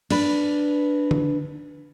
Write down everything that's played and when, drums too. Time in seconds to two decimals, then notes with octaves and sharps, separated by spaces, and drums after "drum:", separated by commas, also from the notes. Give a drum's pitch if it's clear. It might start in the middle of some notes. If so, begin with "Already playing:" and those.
0.10 D4 B4, drum: cymbal
1.11 drum: tom D3